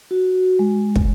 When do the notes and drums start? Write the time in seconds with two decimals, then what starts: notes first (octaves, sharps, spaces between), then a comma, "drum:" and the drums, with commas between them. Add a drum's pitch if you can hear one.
0.11 F#4
0.59 G#3
0.96 drum: kick